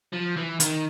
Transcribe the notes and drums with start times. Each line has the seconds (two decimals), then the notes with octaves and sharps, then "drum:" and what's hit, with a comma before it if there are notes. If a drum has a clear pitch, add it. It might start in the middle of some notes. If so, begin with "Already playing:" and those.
0.13 F3
0.37 E3
0.60 D#3, drum: hi-hat